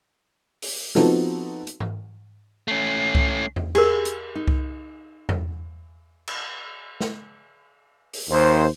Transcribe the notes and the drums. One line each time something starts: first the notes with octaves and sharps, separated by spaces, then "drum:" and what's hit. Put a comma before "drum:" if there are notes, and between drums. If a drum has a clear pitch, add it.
drum: open hi-hat
F3 B3 C4 D#4 F#4 A4, drum: snare
drum: hi-hat
drum: tom G#2
A3 C#4 C7
drum: kick C2
drum: tom E2
G4 G#4 A#4, drum: cymbal
drum: hi-hat
D#4
drum: kick C2
drum: tom E2
drum: cymbal
drum: snare
drum: open hi-hat
D#2 C5